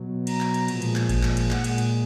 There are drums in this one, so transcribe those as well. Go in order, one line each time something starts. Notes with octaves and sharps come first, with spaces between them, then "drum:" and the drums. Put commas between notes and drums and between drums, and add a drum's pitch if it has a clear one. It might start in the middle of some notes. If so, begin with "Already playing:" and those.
Already playing: B2 F#3
A#5, drum: cymbal
drum: clap
drum: cymbal
A#2 F3 G#3, drum: cymbal
drum: cymbal
drum: clap
drum: kick G#1, cymbal
drum: clap
drum: cymbal
A#2 G#3 F#5, drum: clap
drum: cymbal
drum: cymbal